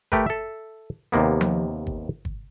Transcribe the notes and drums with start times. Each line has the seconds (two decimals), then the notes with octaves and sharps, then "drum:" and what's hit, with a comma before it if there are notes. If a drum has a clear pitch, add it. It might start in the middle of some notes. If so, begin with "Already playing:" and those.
0.12 A3 G4 A#4 B4, drum: kick
0.26 A4 E5
1.12 D#2 C3 A#3 B3
1.41 drum: tom F3
1.87 drum: kick
2.25 drum: kick